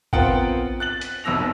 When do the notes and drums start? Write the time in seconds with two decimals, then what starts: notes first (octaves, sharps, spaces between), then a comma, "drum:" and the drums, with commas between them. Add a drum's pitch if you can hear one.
0.13 B3 C4 F4 A#4 F#5 G5, drum: kick A1
0.80 F#6 A6 F#7
1.01 drum: hi-hat
1.24 F1 B1 B2 E6 A#6 F7